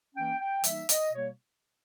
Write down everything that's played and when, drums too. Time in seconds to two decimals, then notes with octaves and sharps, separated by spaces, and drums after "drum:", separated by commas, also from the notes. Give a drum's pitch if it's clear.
0.15 E3 A#3 C#4 G5
0.40 G5
0.64 E3 G3 A#3 D#4 E5, drum: hi-hat
0.89 D#5, drum: hi-hat
1.12 B2 G3 A#3 C#5